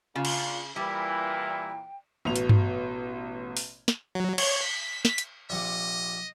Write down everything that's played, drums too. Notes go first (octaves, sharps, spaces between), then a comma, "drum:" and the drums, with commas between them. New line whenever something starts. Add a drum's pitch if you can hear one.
C#3 A#3 D4 F4
drum: cymbal
A#2 E3 G3 E4 G5
A1 B2 F7
drum: hi-hat
drum: tom G2
drum: open hi-hat
drum: snare
F#3
C#5, drum: cymbal
B6
B6, drum: snare
drum: hi-hat
A#1 C3 D#5 F#5